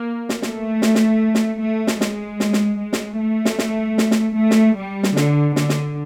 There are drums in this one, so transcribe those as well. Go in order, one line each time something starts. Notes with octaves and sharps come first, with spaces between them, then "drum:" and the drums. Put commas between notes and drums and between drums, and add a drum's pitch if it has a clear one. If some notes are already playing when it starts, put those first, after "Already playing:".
Already playing: A#3
drum: snare
A3, drum: snare
drum: snare
drum: snare
drum: snare
A3
drum: snare
G#3, drum: snare
drum: snare
drum: snare
G#3
drum: snare
A3
drum: snare
drum: snare
drum: snare
drum: snare
A3
drum: snare
G3
drum: snare
D3, drum: snare
D3, drum: snare
drum: snare